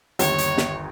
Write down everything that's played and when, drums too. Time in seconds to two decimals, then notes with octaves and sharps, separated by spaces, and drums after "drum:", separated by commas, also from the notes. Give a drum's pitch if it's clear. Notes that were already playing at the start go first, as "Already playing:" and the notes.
0.19 G1 D#2 C#5, drum: hi-hat
0.38 drum: hi-hat
0.58 drum: snare